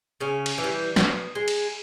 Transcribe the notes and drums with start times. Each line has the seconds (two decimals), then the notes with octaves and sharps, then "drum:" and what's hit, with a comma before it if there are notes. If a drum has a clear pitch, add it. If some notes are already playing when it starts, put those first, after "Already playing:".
0.20 C#3 C#4
0.46 drum: cymbal
0.58 E3
0.64 G3
0.96 B2, drum: snare
1.35 G#3
1.48 drum: cymbal